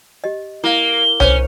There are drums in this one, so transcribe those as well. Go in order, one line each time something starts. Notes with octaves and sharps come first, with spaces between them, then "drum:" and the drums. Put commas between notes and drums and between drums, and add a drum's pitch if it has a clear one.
G4 D#5
A#3 E4 G7
C#4 C5 C#5, drum: tom C2